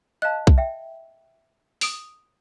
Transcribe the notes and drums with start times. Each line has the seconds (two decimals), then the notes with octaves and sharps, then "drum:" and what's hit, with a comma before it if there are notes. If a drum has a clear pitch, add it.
0.22 D#5 F5 A5 F#6
0.47 drum: kick B1
0.58 E5 G5
1.81 D#6 D7 F7, drum: open hi-hat